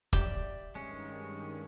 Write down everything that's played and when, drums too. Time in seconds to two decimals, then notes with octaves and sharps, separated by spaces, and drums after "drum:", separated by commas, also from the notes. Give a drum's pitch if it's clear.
0.13 G4 D5 E5, drum: kick
0.75 G2 D#3 G#3 C#4